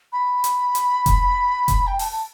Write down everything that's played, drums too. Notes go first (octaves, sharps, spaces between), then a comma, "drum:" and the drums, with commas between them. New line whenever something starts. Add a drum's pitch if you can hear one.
B5
drum: hi-hat
drum: hi-hat
drum: kick F1, hi-hat
drum: kick F1, hi-hat
G5
A5, drum: open hi-hat
A5